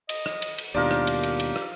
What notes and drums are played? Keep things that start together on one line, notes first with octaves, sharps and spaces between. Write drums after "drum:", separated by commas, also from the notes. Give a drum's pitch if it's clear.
D#5, drum: cymbal
drum: rim click
drum: cymbal
drum: cymbal
D#2 B2 D4 D#4 F4 G4 A#4
drum: rim click
drum: cymbal
drum: cymbal
drum: cymbal
drum: rim click